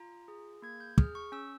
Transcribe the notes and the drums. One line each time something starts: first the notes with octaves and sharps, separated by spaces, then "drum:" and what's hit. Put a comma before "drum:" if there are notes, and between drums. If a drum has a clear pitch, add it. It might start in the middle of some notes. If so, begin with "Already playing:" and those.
Already playing: F4 A#5
G#4
A#3 G#6
G6
G#4 F6, drum: kick
C#6
C#4 E6